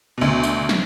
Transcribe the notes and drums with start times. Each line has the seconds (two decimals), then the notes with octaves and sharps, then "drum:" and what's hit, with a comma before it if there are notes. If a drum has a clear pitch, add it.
0.18 D2 B2
0.43 drum: tambourine
0.69 drum: snare